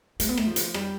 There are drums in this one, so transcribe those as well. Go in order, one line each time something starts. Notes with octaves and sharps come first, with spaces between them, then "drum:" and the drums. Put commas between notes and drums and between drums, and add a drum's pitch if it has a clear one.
A3, drum: hi-hat
B3
A3, drum: rim click
F3
drum: hi-hat
G3, drum: rim click